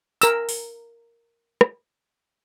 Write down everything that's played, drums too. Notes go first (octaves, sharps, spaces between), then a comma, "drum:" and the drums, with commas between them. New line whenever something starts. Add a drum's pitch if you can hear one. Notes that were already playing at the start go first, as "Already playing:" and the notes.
A#4 E6, drum: tambourine
drum: open hi-hat
drum: rim click